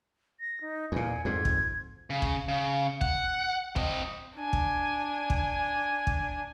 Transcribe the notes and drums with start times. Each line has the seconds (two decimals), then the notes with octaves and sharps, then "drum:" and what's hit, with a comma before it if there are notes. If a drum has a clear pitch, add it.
0.40 A#6
0.61 D#4
0.92 E2 A#2 G#5
1.25 F2 G#2 G#6
1.45 drum: kick
2.10 C#3
2.22 drum: kick
2.48 C#3
3.01 F#5, drum: kick
3.76 C4 D#5, drum: kick
4.37 D4 G#5
4.53 drum: kick
5.30 drum: kick
6.07 drum: kick